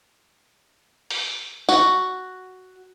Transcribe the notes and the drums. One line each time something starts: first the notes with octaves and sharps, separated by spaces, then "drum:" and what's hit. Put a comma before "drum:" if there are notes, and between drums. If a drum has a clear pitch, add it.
drum: open hi-hat
F#4, drum: tambourine